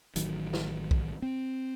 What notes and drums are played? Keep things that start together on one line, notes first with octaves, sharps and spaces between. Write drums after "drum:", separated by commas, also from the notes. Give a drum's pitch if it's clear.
A1 D#3 F#3, drum: hi-hat
drum: snare
drum: kick B1
C4